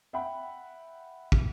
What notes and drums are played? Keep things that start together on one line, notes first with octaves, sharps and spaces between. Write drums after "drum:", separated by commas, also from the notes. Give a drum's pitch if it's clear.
E5 F#5 G5 B5
drum: kick